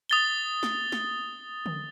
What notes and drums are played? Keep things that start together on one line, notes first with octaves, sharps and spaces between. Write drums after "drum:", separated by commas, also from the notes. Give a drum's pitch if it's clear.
D#6 A6 G7
drum: snare
drum: snare
drum: tom D3